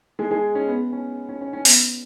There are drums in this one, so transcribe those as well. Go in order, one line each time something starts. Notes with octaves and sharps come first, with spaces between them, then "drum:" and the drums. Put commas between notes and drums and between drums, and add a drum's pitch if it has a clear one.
G#3 G#4
G#3 G#4
C#4
B3
C#4
C#4
C#4
C#4
B3, drum: open hi-hat